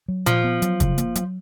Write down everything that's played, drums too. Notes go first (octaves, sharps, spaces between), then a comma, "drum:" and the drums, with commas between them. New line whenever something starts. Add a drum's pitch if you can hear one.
F#3
A#2 F3, drum: hi-hat
B3
F#3, drum: hi-hat
C#3, drum: kick, hi-hat
A#3, drum: hi-hat
F#3, drum: hi-hat